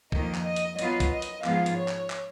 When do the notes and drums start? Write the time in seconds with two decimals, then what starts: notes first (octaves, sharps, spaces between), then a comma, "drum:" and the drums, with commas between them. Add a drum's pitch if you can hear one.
0.12 F2 D#3 A#3 D#5, drum: kick
0.34 drum: clap
0.46 D#5
0.56 drum: hi-hat
0.79 F#3 B3 F4 B4 D#5, drum: hi-hat
1.00 drum: kick, hi-hat
1.12 D#5
1.22 drum: hi-hat
1.44 G#2 F3 B3 F4 G#4 F5, drum: clap
1.66 drum: hi-hat
1.78 C#5
1.88 drum: clap
2.10 drum: clap